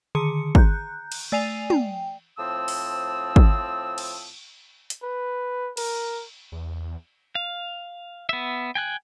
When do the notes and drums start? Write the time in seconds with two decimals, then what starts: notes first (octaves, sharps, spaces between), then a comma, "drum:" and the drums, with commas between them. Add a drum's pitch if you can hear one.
0.15 D3 D#3 G#4 C6 C#7
0.55 A#5 F#6 G6, drum: kick
1.12 drum: cymbal
1.32 A3 D5 G#5 C7 D#7 F7
1.70 G5, drum: tom
2.38 A2 F3 C4 A5 D#6 E6
2.68 drum: open hi-hat
3.36 drum: kick
3.98 drum: cymbal
4.90 drum: hi-hat
5.03 B4
5.77 A#4, drum: cymbal
6.52 E2
7.35 F5
8.29 B3 E5
8.75 G5 G#5 F#6